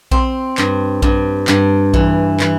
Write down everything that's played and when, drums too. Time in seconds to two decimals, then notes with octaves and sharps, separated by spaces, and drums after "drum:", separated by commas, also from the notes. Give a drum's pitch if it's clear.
0.11 C4, drum: kick A#1
0.58 G2, drum: clap
1.02 G2, drum: kick A#1
1.48 G2, drum: clap
1.94 E3, drum: kick A#1
2.40 E3, drum: clap